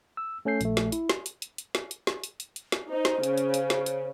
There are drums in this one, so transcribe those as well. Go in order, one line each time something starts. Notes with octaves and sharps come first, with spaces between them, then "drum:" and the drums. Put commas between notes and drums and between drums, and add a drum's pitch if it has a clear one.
E6
A3 C#4 A4 G6 C7
A#1 A3, drum: hi-hat
drum: snare
E4, drum: hi-hat
drum: snare
drum: hi-hat
drum: hi-hat
drum: hi-hat
drum: snare
drum: hi-hat
drum: snare
drum: hi-hat
drum: hi-hat
drum: hi-hat
drum: snare
D#4 C5
drum: snare
C#3, drum: hi-hat
drum: hi-hat
drum: hi-hat
drum: snare
drum: hi-hat